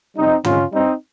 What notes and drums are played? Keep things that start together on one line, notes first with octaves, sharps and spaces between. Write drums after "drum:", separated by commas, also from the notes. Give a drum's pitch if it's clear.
F2 C3 G3 C4 D#4
F2 C3 D#3 G#3 C#4 F4, drum: tom
G2 G3 C4 D#4